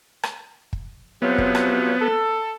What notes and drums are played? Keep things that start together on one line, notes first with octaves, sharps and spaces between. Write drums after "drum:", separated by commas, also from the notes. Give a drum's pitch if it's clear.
drum: rim click
drum: kick
C3 F3 F#3 B3
drum: kick
drum: rim click
A4